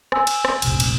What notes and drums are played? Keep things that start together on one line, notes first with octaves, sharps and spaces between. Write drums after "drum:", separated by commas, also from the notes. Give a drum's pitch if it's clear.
G#5 E6, drum: rim click
drum: cymbal
drum: rim click
F1 A#1, drum: cymbal
drum: cymbal